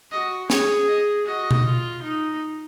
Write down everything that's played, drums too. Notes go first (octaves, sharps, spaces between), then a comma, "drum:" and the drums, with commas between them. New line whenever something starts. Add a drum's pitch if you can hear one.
F#4 D#5
G#4 C#5, drum: snare
D#5
F#4 D#5
drum: tom B2
F4
D#4